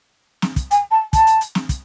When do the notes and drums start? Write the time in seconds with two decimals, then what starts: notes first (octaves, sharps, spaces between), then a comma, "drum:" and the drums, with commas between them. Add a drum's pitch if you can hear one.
0.42 drum: snare
0.56 drum: kick, hi-hat
0.71 G#5, drum: hi-hat
0.91 A5
1.13 A5, drum: kick, hi-hat
1.27 drum: hi-hat
1.41 drum: hi-hat
1.55 drum: snare
1.69 drum: kick, hi-hat